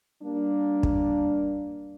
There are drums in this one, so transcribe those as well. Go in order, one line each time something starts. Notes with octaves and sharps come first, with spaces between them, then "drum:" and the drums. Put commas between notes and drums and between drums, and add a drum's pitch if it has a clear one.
G3 A#3 D4
drum: kick